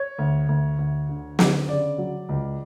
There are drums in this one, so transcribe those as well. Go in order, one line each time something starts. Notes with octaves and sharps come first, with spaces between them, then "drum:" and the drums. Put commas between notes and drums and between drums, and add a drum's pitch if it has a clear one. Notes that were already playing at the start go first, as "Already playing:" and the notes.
Already playing: C#5
D2
D2
D2
D3
D3, drum: snare
C#3 D5
F#3
C#2